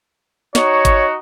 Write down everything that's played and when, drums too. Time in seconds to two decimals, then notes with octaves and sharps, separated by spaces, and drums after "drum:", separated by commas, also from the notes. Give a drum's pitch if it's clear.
0.55 D#4 F#4 C#5, drum: snare
0.85 drum: kick G#1, hi-hat